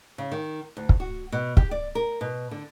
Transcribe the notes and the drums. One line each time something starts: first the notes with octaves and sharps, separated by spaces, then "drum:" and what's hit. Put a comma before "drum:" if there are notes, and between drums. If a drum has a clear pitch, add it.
C#3
D#3
D2
drum: kick
F#4
B2
G4, drum: kick
D5
A#4
B2
D3